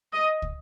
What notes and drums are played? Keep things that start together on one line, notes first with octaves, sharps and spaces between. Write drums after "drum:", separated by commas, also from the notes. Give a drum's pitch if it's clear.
D#5
drum: kick